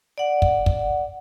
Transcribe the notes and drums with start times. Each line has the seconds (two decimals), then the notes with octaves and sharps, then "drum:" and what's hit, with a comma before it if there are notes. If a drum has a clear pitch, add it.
0.18 D5 F#5
0.42 drum: kick
0.66 drum: kick